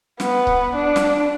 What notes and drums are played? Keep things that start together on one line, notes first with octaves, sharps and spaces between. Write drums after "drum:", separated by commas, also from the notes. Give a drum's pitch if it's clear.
B3, drum: snare
drum: kick C#1
D4
drum: snare